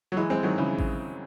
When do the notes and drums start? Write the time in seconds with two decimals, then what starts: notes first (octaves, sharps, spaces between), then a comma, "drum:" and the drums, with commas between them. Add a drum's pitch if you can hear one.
0.12 F#3
0.17 E3 G#3
0.30 G#3 C4
0.43 D#3 F#3
0.58 C#3 E3
0.78 drum: kick A1